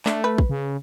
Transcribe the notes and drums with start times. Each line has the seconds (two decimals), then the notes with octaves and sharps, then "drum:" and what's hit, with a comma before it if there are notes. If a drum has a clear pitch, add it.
0.06 A3 D4, drum: clap
0.24 B4
0.38 drum: kick
0.49 C#3